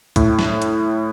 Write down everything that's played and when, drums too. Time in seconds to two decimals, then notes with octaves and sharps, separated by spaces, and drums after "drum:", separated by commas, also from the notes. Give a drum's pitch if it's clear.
0.16 A2, drum: kick C2, hi-hat
0.39 drum: snare F#3
0.62 drum: hi-hat